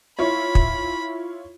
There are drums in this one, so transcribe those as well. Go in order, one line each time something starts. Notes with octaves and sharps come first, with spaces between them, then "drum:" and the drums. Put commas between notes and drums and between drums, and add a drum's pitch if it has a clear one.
E4 F4 C#5 B5
drum: kick